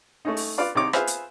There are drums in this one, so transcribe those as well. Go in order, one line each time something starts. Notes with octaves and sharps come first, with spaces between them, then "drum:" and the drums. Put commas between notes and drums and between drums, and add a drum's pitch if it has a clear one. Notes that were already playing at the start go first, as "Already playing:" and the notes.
A3 C#4 D#4
drum: open hi-hat
F4 B4 D5 F5
C2 C3 D#4 C#5 D6
F4 G#4 B4 C5 E5 F5, drum: rim click
drum: hi-hat